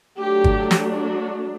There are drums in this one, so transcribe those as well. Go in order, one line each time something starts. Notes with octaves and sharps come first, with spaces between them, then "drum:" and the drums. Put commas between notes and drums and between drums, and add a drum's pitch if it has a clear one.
F#3 A3 D4 G4
drum: kick
drum: snare
F#4